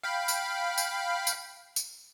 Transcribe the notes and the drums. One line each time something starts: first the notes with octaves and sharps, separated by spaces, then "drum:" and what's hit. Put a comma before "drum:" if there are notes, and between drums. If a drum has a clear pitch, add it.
F5 G5 B5
drum: tambourine
drum: tambourine
drum: tambourine
drum: tambourine